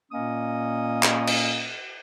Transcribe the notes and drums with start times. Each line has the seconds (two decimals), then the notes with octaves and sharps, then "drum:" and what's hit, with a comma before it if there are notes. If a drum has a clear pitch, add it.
0.12 A#2 A#3 C#4 D#5 D#6
1.03 drum: clap
1.27 drum: cymbal